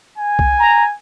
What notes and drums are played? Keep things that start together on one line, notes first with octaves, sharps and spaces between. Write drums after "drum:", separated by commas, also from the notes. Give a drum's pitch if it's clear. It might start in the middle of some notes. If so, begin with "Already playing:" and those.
G#5
drum: kick
A#5